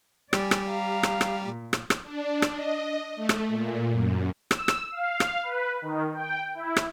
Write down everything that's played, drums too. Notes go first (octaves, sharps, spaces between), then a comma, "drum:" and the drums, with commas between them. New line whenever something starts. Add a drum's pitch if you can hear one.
G3 G4 D5 G#5, drum: rim click
drum: rim click
F5 A#5 F6
drum: rim click
drum: rim click
A#2
drum: rim click
drum: rim click
D4
drum: rim click
D#5
A3
drum: rim click
A#2
F#2
E6, drum: rim click
drum: rim click
F5
drum: rim click
B4
D#3
G5
E4
drum: rim click